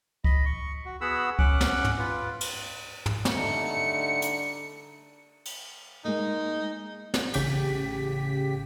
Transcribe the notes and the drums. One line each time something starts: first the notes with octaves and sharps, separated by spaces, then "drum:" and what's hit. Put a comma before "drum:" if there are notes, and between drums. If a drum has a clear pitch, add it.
D#5 B5, drum: kick C#2
C#6
F#4
B3 F#4 G#4 F#5 B5 E6
C#4 F#5 D6 F#6, drum: kick C#2
drum: snare
drum: tom
F4 B4
drum: cymbal
drum: tom
drum: snare
D3 G3 A3 D#4 C#7
drum: hi-hat
drum: cymbal
G#3 A#3 D#4
drum: snare
A1 C#3 G4 B6, drum: cymbal